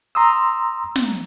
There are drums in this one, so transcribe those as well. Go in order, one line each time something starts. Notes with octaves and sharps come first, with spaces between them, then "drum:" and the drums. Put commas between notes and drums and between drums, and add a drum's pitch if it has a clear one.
A#5 C6 D#6 E6
drum: snare